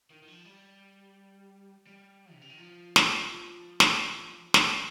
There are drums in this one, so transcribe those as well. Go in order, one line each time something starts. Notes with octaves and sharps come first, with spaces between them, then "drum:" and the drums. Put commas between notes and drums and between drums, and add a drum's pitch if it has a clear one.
D#3
D#3
F3
G3
G3
C3
C#3
D#3
F3
drum: snare
F3
drum: snare
drum: snare